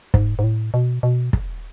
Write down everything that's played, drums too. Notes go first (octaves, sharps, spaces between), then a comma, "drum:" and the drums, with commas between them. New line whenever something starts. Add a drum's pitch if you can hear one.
G#2, drum: kick
G#2
A2
B2
B2
drum: kick